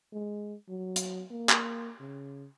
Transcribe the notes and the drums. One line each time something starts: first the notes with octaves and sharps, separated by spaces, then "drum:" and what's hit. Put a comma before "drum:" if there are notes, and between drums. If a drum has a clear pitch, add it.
G#3
F#3
drum: hi-hat
A#3
drum: clap
C#3